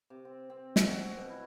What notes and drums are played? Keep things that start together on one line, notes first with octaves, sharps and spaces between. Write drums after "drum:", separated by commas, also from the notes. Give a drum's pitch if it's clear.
C3
C4
C4
C4, drum: snare
F#4
G#5
B2
E4